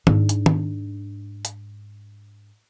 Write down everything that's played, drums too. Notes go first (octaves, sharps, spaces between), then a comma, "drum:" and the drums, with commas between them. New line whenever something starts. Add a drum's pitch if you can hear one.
G#2 D4, drum: tom
drum: hi-hat
drum: tom
drum: hi-hat